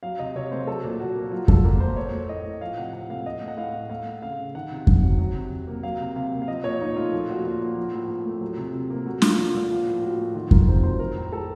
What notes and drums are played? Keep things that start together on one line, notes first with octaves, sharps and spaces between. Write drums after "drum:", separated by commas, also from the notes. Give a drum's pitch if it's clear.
F#3 F5
C3 D#5
C3 C#5
A3 C5
F#3 A4
A#2
A#2 F#4
A#3
F#3 F4
A#2 A4, drum: kick F2
A#2 A#4
A#3 C5
A3 C#5
A3
A2 D#5
A2
F3 F5
C3 F#5
C3 F#5
A3 F5
A3 D#5
A3
F#5
A2 F5
A2
A3 F5
A3
C#3 F5
C#3
D#3 F#5
C3
C3, drum: kick F2
F#3
F#3
C3
C3
A#3
F#3 F5
C3
C3 F5
A#3
F5
F3 D#5
A#2 C#5
A#2 D#4
A3 F4
F3 F4
A#2 F#4
A#2 F4
A#3 F4
F3
A2
A2
A3
F#3
C3
C3
A#3
A3 F#4
A3 F4, drum: snare
A#2 F4
A#2
F3 F4
A2
A2 F#4
A3
D#3 F4
A3 A#4, drum: kick F2
C3 C5
F#3 C5
F#3 A#4
A2
A2 A4